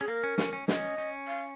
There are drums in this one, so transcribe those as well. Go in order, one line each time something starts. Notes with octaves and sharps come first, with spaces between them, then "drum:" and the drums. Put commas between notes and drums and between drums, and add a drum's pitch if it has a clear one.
C#4 G#4
A#3 A#4
C#4
C#4, drum: snare
C#4
C#4 D#5, drum: snare
C#4
F5